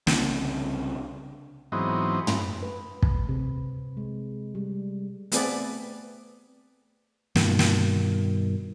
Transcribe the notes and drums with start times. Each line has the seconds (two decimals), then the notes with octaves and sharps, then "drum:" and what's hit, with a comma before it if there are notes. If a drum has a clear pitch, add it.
0.07 C2 C#3 C4 D4, drum: snare
1.72 G#2 E3 F#3 B3 C4 D#4
2.27 drum: tom
2.63 B4
3.02 drum: kick
3.29 C3
3.97 G#3
4.55 G3
5.32 A3 B3 C4 G#4 B4 D5, drum: hi-hat
7.35 G2 B2 D#3, drum: snare
7.59 drum: snare